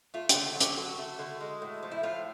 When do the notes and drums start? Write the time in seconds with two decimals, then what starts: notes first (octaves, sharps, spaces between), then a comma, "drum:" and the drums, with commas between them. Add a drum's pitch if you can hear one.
0.14 A3 F4
0.29 D3 F4, drum: hi-hat
0.46 F#4
0.55 F#3
0.60 G4, drum: hi-hat
0.77 D3 F#4
0.99 A3
1.19 D3
1.40 G#3
1.62 A2
1.83 F3
1.92 E4
2.03 A2 F4